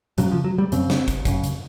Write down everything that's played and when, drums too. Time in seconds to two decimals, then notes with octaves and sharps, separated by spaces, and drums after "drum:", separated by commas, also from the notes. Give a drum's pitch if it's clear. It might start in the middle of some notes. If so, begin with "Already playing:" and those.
0.18 F#2 C#3 F#3, drum: hi-hat
0.32 F3
0.44 F#3
0.58 G3
0.72 F#2 C#3 C4, drum: hi-hat
0.90 drum: snare
1.08 drum: kick, hi-hat
1.25 F#2 C#3, drum: kick, hi-hat
1.44 drum: hi-hat